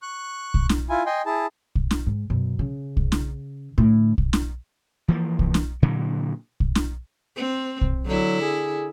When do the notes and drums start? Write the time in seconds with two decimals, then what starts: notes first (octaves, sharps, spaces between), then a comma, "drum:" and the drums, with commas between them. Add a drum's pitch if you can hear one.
0.02 C#6 F#6
0.54 drum: kick
0.69 drum: snare
0.90 E4 F4 G#5
1.06 D#5 G5 G#5 C6
1.26 E4 G#4 A5
1.75 drum: kick
1.91 drum: snare
2.06 G#2
2.30 F#2 B2
2.59 C#3
2.97 drum: kick
3.12 drum: snare
3.78 A2 D3
4.18 drum: kick
4.33 drum: snare
5.08 E3 F3 A#3
5.39 drum: kick
5.54 drum: snare
5.82 A#2 D3 E3 F#3
6.60 drum: kick
6.75 drum: snare
7.36 C4
7.81 drum: kick
8.05 D3 F#3 E4
8.41 G#4